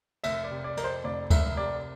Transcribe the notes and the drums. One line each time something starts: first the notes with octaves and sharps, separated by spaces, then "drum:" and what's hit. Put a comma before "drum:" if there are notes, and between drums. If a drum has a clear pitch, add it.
F1 E5, drum: cymbal
D5
C3
D5
F2 A#4, drum: cymbal
C5
F1 D5
F1 E5, drum: kick D2, cymbal
C3 D5